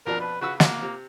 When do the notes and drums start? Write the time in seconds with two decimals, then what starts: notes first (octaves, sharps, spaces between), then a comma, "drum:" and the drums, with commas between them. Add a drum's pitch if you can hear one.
0.06 F2 B2 D4 A#4
0.21 B4
0.41 C#3 F#4 B4 E6
0.60 A#3 F#4, drum: snare
0.82 C3